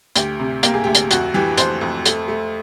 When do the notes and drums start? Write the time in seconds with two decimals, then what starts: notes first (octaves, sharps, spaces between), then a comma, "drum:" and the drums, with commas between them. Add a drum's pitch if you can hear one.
0.16 D2 G4, drum: hi-hat
0.40 C3
0.63 A#3 G4, drum: hi-hat
0.74 G#4
0.84 D2 G4
0.95 drum: hi-hat
1.11 F2 F#4, drum: hi-hat
1.34 E3 G4
1.58 F2 C5, drum: hi-hat
1.81 F2
2.06 A3, drum: hi-hat
2.28 A3